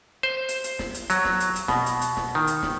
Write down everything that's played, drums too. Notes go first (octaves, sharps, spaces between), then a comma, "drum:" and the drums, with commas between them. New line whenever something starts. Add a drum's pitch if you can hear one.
C5
drum: hi-hat
drum: hi-hat
drum: snare
drum: hi-hat
F#3, drum: hi-hat
drum: snare
drum: hi-hat
drum: hi-hat
B2, drum: snare
drum: hi-hat
drum: hi-hat
drum: snare
D#3
drum: hi-hat
drum: snare